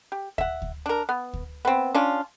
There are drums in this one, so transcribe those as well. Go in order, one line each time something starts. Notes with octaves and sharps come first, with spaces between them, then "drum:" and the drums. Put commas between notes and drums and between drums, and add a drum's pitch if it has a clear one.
G4
E5 F#5, drum: kick D2
drum: kick D2
D4 A#4
B3
drum: kick D2
B3 C4
C#4 D4 F4